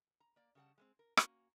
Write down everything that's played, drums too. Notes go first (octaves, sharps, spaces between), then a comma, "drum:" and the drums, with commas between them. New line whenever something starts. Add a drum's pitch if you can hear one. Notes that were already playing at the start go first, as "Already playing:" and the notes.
A#5
A#3 D5
C#3 G3 A4 F#5 A5
G#3 A3 C4
A#4
A#3 C#4 F#4 A#5, drum: rim click